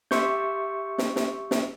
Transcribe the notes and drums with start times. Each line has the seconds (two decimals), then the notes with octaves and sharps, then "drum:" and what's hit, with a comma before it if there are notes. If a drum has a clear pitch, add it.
0.11 G4 E5 C6 C#6 G6, drum: snare
0.98 drum: snare
1.16 drum: snare
1.51 drum: snare